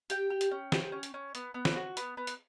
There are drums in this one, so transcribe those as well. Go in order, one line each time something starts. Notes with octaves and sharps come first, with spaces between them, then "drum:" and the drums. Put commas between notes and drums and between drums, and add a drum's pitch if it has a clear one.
G4 G5, drum: hi-hat
G4
drum: hi-hat
C#4
G4, drum: snare
C#4
drum: hi-hat
C#4
B3, drum: hi-hat
B3
drum: snare
F#4
B3, drum: hi-hat
B3
drum: hi-hat